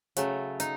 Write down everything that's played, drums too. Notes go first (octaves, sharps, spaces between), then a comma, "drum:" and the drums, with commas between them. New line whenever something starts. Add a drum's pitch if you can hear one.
C#3 F#3 A3, drum: hi-hat
D#4, drum: hi-hat